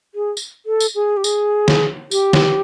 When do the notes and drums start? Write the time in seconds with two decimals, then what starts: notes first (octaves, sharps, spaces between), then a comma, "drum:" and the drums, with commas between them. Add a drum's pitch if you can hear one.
0.15 G#4
0.37 drum: tambourine
0.66 A4
0.80 drum: tambourine
0.95 G#4
1.17 G4
1.24 G#4, drum: tambourine
1.68 drum: snare
2.11 G4, drum: tambourine
2.33 drum: snare